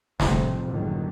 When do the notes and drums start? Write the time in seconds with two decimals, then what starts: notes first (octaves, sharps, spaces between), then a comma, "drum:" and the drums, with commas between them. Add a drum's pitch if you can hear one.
0.20 F1 F2 A2 C3 A3 C4, drum: snare
0.66 F#1 C#2 A2 D3 D#3 F#3